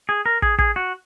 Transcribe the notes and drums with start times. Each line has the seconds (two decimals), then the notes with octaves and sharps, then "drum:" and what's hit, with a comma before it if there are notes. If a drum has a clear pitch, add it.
0.09 G#4
0.26 A#4
0.42 G#4, drum: kick
0.59 G#4, drum: kick
0.76 F#4